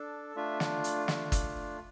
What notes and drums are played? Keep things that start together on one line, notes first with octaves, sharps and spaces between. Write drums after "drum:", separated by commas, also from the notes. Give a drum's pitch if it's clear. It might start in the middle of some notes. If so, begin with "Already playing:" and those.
Already playing: D4 A4
A3 D4 F4 E5
drum: snare
drum: hi-hat
E5, drum: snare
drum: kick, hi-hat